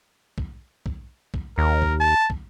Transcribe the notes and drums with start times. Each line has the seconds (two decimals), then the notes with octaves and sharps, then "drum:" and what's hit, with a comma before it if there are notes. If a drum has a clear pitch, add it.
0.38 drum: kick
0.86 drum: kick
1.34 drum: kick
1.58 D#2 A#4
1.82 drum: kick
2.00 A5
2.30 drum: kick